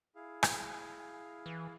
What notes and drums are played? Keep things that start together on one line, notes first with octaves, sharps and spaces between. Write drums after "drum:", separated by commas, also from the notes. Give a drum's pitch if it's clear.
E4 G#4 F5
drum: rim click
E3